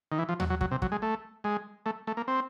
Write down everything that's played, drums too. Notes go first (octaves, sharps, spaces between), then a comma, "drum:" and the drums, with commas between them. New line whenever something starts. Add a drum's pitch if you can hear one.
D#3
E3
F3
F#3, drum: tom D#2
F#3
F#3, drum: kick
C3
F#3, drum: kick
G#3
A3
G#3
A3
A3
A#3
C4